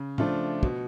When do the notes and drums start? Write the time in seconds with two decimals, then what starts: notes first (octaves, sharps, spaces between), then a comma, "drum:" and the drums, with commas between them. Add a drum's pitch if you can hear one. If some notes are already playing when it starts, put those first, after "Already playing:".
Already playing: C#3
0.18 F3 A3 D4 F4, drum: tom
0.63 B2, drum: kick